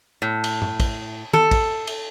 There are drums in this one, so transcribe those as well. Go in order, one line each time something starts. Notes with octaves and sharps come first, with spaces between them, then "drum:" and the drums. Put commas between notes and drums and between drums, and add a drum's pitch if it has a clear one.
A2
drum: cymbal
drum: tom
drum: kick, cymbal
A4, drum: tom
drum: kick, cymbal
drum: cymbal